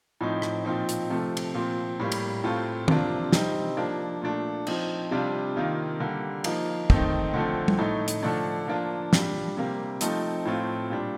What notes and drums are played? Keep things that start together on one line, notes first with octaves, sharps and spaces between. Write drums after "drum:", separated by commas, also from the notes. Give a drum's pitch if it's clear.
A2 F3 C4 D#4
drum: rim click
A#2 F3 C4 D#4
drum: hi-hat
C3 F3 A3
drum: cymbal
A#2 F3 C4
A2 G3 A#3
drum: cymbal
A2 A3 C4 F4
C3 F3 A#3 D4 F4, drum: tom
C3 G3 C4 D#4, drum: snare
F3 A#3 D4
A#2 A3 D4
F3 C4 D#4, drum: cymbal
C3 G3 D4 F4
C3 D#3 A#3 F4
D3 G3 A#3
F3 A#3 D#4, drum: cymbal
D#3 A3 C4 D#4, drum: kick
D3 F3 A3 C4
drum: tom G3
A2 A3 D#4
drum: hi-hat
D3 F3 A3 D4
F3 A#3 D4 F4
A#2 G3 D4, drum: snare
C3 G3 A#3
F3 A3 C4 D#4, drum: hi-hat
A2 A3 C4 F4
A#2 G3 D4